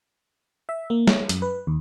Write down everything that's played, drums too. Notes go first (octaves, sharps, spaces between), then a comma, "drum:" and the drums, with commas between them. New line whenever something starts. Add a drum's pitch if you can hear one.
E5
A#3
C#5, drum: snare
F#2, drum: hi-hat
B4
D#2